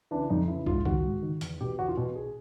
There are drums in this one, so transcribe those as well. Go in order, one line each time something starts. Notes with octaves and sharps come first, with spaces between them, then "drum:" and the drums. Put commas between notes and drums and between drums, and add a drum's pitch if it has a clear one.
C#3 E3 D4
F2 D#4
C#3 E3 E4
G#2 F4, drum: kick
D#3 F#4, drum: kick
G#2
D#3
E2, drum: hi-hat
B2 G4
E2 F#4
F4
B2
G#4